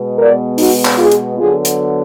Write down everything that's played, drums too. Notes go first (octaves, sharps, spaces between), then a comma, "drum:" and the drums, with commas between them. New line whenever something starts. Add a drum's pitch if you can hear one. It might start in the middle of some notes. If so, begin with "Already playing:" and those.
Already playing: B2 G#3 B3
A#4 D5
D#4 F#4, drum: open hi-hat
drum: clap
F4 G#4
drum: hi-hat
D3 F#3 B3 F4 G#4
drum: hi-hat